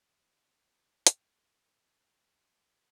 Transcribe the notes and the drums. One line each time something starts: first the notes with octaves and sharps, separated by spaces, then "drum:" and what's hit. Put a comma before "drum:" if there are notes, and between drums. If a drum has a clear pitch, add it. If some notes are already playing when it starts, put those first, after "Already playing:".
G5 G#5, drum: hi-hat